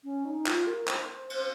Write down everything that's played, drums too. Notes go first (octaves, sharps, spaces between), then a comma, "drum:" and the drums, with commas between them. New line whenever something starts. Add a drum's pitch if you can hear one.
C#4
D#4
F4, drum: clap
A#4
C5, drum: clap
drum: cymbal